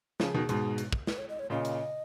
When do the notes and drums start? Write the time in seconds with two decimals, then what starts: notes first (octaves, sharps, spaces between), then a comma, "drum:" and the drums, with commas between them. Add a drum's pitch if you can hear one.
0.20 C#3 F3 G#4, drum: snare
0.34 B2 D#3
0.49 G#2 B2, drum: hi-hat
0.78 drum: hi-hat
0.92 drum: kick
1.07 B4, drum: snare
1.18 C#5
1.29 D#5
1.39 C#5
1.50 A#2 C#3 D#5
1.65 drum: hi-hat